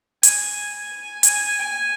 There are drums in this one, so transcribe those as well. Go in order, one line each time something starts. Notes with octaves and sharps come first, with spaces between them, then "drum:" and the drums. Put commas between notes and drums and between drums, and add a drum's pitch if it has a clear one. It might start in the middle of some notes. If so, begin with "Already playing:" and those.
G#5, drum: hi-hat
G#5, drum: hi-hat
G#5